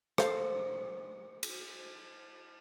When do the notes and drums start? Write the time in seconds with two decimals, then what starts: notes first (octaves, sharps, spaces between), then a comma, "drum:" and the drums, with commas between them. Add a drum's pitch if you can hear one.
0.18 A4 C5 F5, drum: rim click
1.43 drum: cymbal